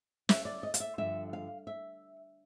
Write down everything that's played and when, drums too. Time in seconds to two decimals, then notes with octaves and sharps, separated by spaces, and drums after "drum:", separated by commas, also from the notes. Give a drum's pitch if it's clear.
0.29 E5, drum: snare
0.45 D5
0.63 D#5
0.74 F5, drum: hi-hat
0.80 E5
0.98 G2 D3 F3 E5
1.33 F5
1.67 E5